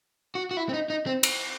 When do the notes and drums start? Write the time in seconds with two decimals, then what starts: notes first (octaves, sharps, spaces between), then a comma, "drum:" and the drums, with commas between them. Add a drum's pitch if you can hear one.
0.35 F#4
0.51 F#4
0.57 E4
0.69 C4
0.74 D#4
0.90 D#4
1.06 C4
1.23 drum: cymbal